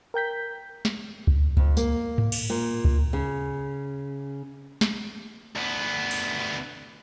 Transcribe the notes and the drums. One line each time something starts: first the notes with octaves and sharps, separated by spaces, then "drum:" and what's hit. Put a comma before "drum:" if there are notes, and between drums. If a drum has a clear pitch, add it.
A#4 G5 G6 B6
drum: snare
drum: kick C#2
F2, drum: kick C#2
A#3, drum: tambourine
drum: tom G#2
drum: cymbal
A#2
drum: kick C#2
C#3
drum: snare
D2 B3
drum: open hi-hat